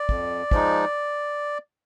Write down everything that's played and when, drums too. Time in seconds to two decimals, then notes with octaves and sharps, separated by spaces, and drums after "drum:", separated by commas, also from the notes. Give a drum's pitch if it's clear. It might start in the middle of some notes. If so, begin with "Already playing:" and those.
Already playing: D5
0.09 F2, drum: kick
0.51 F3 G#3 D#4, drum: kick